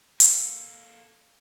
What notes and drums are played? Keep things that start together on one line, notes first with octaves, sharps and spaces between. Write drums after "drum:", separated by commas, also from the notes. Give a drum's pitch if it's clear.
A#3 A4, drum: hi-hat